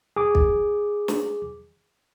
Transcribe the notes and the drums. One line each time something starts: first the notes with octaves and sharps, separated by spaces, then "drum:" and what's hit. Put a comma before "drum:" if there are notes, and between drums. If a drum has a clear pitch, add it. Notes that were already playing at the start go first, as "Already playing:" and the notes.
G#4 D6
drum: kick
drum: snare